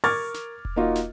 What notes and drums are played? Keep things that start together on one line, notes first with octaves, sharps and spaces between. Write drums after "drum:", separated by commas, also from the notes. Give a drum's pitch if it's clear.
A#4 C#6 D6 F6 G#6 A6, drum: open hi-hat
drum: snare
drum: kick E1
A#3 D#4 F4 F#4
drum: snare